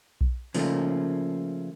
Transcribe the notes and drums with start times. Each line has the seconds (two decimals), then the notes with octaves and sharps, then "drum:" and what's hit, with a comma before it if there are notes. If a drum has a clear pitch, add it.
0.21 drum: kick B1
0.54 C#3 F3 A3 A#3, drum: open hi-hat